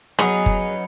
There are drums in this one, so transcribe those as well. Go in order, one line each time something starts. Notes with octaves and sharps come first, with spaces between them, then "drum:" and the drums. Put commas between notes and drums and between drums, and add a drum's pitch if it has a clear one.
F#3 B3 C#4 D#4 G#4 B5 C#7, drum: rim click
drum: kick F#1